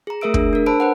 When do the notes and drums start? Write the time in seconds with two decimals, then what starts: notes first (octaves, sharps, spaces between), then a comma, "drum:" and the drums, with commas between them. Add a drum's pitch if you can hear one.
0.07 G#4 A#5
0.21 A3 G#4 A#4 E5 E6 D7
0.34 D4 G#4, drum: kick
0.53 D4 A#4
0.66 C5 A5 B5 E6 D7
0.80 B4 C5 F#5